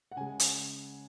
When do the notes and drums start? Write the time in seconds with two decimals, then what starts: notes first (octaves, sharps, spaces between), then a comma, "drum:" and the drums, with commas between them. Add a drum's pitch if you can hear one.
0.12 F#5
0.17 C#3 G#3 G#5
0.40 drum: hi-hat